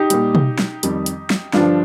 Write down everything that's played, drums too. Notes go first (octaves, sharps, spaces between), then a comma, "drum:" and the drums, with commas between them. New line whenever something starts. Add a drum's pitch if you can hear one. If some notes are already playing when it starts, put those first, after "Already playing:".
Already playing: D#4 G4
A#2 G3, drum: hi-hat
drum: tom
drum: snare
F2 D#3 G3, drum: hi-hat
drum: hi-hat
drum: snare
G2 D3 F3 D4 F4, drum: snare